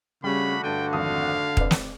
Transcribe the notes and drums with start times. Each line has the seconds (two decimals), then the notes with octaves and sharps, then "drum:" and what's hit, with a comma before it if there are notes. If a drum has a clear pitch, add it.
0.24 C#3 G3 A3 D4 F#4 B5
0.64 G2 D3 G5 A5 D#7
0.93 G#1 F2 F5 D#6
1.57 C4 B4 D5, drum: kick
1.71 drum: snare